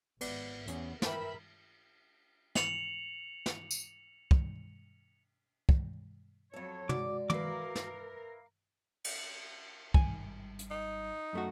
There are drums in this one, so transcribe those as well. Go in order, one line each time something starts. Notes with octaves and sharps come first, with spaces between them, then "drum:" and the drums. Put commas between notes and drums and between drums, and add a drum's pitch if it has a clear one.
G#1 B3 D5, drum: cymbal
E2 B3 C#4, drum: hi-hat
A#4 B4 E5 G5 B5, drum: snare
C#7 F7 F#7, drum: snare
drum: snare
drum: tambourine
drum: kick
drum: kick
F2 F#3 A4 C#5
G#3 F#4 D5 D6, drum: tom
E4 A#4 B4 F5 D6, drum: tom
drum: snare
drum: cymbal
G#1 G3 G#5, drum: kick
drum: hi-hat
D#4
F#2 A3 F#4